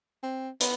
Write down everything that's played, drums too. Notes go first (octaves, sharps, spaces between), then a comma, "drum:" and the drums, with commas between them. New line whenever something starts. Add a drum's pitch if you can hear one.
C4
B3, drum: hi-hat